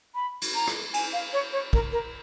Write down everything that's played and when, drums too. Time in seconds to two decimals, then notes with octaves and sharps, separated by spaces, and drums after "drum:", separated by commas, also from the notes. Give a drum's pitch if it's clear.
0.15 B5
0.41 drum: cymbal
0.55 A#5
0.68 drum: rim click
0.94 G#5, drum: cymbal
1.13 F5
1.33 C#5
1.53 C#5
1.73 A#4, drum: kick
1.92 A#4